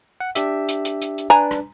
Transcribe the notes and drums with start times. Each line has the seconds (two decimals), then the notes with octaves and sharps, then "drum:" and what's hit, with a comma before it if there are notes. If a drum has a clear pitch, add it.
0.20 F#5
0.35 D4 G4 E5, drum: hi-hat
0.68 drum: hi-hat
0.85 drum: hi-hat
1.01 drum: hi-hat
1.18 drum: hi-hat
1.30 D4 B4 G#5 A#5
1.51 drum: rim click